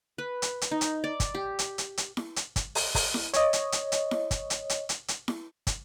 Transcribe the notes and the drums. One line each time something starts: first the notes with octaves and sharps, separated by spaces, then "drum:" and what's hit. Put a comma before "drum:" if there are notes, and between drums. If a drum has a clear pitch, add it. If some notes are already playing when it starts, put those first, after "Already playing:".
B4
drum: hi-hat
drum: hi-hat
D#4
drum: hi-hat
D5
drum: kick, hi-hat
G4
drum: hi-hat
drum: hi-hat
drum: hi-hat
drum: snare E4
drum: hi-hat
drum: kick, hi-hat
drum: open hi-hat
drum: kick, open hi-hat
drum: snare E4
C#5 D#5, drum: hi-hat
drum: hi-hat
drum: hi-hat
drum: hi-hat
drum: snare E4
drum: kick, hi-hat
drum: hi-hat
drum: hi-hat
drum: hi-hat
drum: hi-hat
drum: snare E4
drum: kick, hi-hat